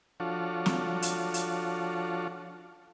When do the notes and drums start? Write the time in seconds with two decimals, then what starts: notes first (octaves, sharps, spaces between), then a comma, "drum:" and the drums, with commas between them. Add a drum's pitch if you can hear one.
0.20 F3 D4 F4 F#4 A4 C#5
0.66 drum: snare
1.02 drum: hi-hat
1.34 drum: hi-hat